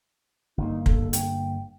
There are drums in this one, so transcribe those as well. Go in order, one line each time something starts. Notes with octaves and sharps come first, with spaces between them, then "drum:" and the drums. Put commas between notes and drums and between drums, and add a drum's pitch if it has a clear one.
G1 A#3 D#4
A4, drum: kick
G5, drum: hi-hat